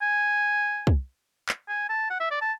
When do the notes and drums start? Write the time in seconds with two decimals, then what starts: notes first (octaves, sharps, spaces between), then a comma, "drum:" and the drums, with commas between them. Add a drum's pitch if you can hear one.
0.02 G#5
0.87 drum: kick
1.49 drum: clap
1.69 G#5
1.89 A5
2.10 F#5
2.20 E5
2.31 D5
2.41 A5